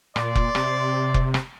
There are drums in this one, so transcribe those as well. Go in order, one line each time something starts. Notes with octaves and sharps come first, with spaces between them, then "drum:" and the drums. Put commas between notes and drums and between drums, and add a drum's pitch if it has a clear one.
A#2 D5 C6, drum: rim click
drum: kick F1
C3, drum: rim click
drum: kick F1
drum: rim click